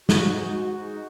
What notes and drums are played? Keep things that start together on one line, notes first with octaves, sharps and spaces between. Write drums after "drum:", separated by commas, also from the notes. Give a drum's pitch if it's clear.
G#2 F#4, drum: snare
G#3 D#4
G#2 F#4
G#3 D#4